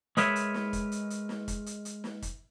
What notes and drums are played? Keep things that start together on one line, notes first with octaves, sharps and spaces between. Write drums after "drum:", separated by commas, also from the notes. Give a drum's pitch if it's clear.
G#3 G#4 A#4 B4 C#5 E5, drum: hi-hat
drum: hi-hat
drum: snare
drum: kick, hi-hat
drum: hi-hat
drum: hi-hat
drum: snare
drum: kick, hi-hat
drum: hi-hat
drum: hi-hat
drum: snare
drum: kick, hi-hat